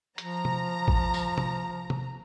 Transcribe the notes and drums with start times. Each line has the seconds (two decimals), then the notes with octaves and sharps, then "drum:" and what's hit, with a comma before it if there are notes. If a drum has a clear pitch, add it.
0.18 F3 A#5, drum: hi-hat
0.45 drum: tom C3
0.88 drum: kick A1
1.14 drum: tambourine
1.38 drum: tom C3
1.90 drum: tom C3